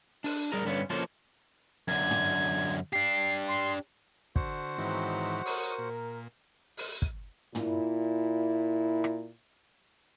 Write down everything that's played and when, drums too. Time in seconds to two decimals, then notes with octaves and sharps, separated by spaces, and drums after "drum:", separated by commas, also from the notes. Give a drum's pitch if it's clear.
0.24 D4, drum: open hi-hat
0.52 G3 G#4 A#4 A#5
0.65 G2 D3 B3 C#4
0.90 F3 A#3 C#4 A4 C5
1.88 F#2 D3 G#6
2.10 drum: tom
2.93 D4 G4 C7
3.48 C6
4.36 D3 F#4 C5 F#5, drum: kick
4.78 G#2 B2 D#3 E3 F#3 C4
5.46 A#4 C#5 D#6, drum: open hi-hat
5.78 A#2
6.77 drum: open hi-hat
7.02 drum: kick
7.55 A#2 E4, drum: tom
9.04 drum: rim click